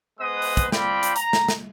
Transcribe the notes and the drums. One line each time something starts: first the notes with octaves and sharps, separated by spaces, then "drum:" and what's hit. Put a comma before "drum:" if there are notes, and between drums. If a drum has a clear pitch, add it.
G#3 B3 B4 C5 D#5 D#6
drum: open hi-hat
drum: kick, hi-hat
C4 F4 D5 G5 B5, drum: snare
drum: hi-hat
A#5, drum: hi-hat
drum: snare
drum: snare